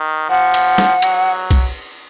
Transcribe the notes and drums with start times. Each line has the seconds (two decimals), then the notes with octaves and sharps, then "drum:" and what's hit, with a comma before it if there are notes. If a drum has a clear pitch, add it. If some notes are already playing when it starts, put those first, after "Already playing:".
Already playing: D#3
0.30 F3 F#5
0.54 drum: cymbal
0.78 drum: snare
1.02 F#3, drum: cymbal
1.51 drum: kick B1, cymbal